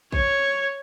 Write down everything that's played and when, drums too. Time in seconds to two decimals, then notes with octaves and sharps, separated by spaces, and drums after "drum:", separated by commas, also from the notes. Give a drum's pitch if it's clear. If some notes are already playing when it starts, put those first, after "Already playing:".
0.12 C#5, drum: kick A1